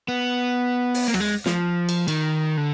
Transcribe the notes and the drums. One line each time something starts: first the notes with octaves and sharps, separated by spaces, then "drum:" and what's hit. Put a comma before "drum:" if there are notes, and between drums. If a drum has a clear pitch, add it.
B3
drum: open hi-hat
A#3
F#3, drum: rim click
G#3
F3, drum: snare
drum: cymbal
D#3, drum: cymbal
D3